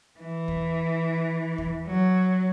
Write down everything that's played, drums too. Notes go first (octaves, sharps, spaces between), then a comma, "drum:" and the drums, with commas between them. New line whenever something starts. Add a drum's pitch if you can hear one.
E3
drum: kick
drum: kick
F#3